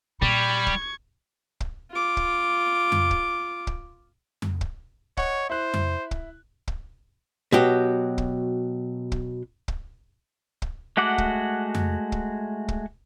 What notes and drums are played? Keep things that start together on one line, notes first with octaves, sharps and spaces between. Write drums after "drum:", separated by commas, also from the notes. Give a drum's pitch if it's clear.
A#2 G3 B5 C#6 G#6
drum: kick
drum: kick
F4 D6
drum: kick
drum: tom F2
drum: kick
drum: kick
drum: tom F2
drum: kick
C#5 D#5 F#5 C#6, drum: kick
E4 C5 F#6
drum: tom F2
drum: kick
drum: kick
B2 F#3 G4
drum: kick
drum: kick
drum: kick
drum: kick
G#3 A3 F#4 F#5 D6
drum: kick
drum: tom F2
drum: kick
drum: kick